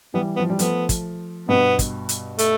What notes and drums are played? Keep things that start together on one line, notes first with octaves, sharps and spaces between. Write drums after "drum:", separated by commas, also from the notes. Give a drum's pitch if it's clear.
E3 G3 B3
B3
F3
G3
F3 A3 B3, drum: hi-hat
drum: kick, hi-hat
G2 B2 B3
drum: kick, hi-hat
drum: hi-hat
A3, drum: hi-hat